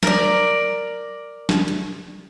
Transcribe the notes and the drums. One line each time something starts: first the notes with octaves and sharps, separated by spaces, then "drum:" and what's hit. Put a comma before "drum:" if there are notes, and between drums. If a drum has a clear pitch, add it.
A#4 D5, drum: snare
drum: snare
drum: hi-hat